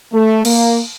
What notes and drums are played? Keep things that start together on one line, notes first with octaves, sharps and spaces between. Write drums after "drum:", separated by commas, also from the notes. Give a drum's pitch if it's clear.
A3
A#3, drum: cymbal